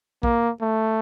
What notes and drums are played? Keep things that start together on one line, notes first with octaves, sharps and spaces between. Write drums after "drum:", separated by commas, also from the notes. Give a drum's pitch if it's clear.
A#3, drum: kick A#1
A3